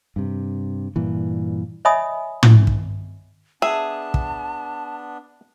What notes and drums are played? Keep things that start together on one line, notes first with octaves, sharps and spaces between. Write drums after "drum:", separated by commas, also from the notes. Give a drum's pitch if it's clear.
G2 C3
G2 A#2 E3
C#5 D#5 E5 G#5 B5 D#6
drum: tom
drum: kick
B3 D4 G#4 E5 A5
drum: kick